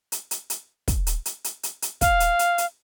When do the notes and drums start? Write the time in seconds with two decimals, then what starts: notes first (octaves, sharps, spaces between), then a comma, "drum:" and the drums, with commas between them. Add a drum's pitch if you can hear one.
0.12 drum: hi-hat
0.31 drum: hi-hat
0.50 drum: hi-hat
0.88 drum: kick, hi-hat
1.07 drum: hi-hat
1.25 drum: hi-hat
1.44 drum: hi-hat
1.63 drum: hi-hat
1.82 drum: hi-hat
2.01 F5, drum: kick, hi-hat
2.20 drum: hi-hat
2.39 drum: hi-hat
2.58 drum: hi-hat